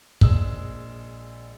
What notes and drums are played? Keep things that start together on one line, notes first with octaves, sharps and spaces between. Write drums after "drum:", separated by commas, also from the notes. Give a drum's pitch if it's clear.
A#1 G#3 E6, drum: kick